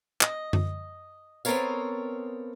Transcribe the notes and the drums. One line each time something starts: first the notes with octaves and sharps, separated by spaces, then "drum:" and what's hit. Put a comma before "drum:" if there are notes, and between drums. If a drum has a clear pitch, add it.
D#5, drum: clap
drum: tom F#2
B3 C4 A4 A#4 C#5 F5, drum: tambourine